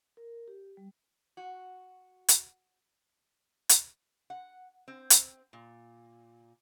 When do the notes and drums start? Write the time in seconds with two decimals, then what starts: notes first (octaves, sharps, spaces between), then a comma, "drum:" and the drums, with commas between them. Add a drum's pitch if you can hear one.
0.17 A#4
0.48 G4
0.77 G3
1.37 F#4
2.28 drum: hi-hat
3.69 drum: hi-hat
4.30 F#5
4.88 C4
5.10 drum: hi-hat
5.53 A#2